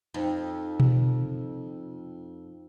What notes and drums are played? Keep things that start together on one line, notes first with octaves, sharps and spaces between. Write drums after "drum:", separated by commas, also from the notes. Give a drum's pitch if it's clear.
F2 D#4 C5
drum: tom B2